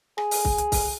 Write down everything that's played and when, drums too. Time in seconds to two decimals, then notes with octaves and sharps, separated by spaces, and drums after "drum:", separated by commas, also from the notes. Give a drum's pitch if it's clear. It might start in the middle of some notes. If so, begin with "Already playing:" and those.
0.18 G#4, drum: rim click
0.31 drum: open hi-hat
0.45 drum: kick C2
0.58 drum: hi-hat
0.72 drum: kick C2, open hi-hat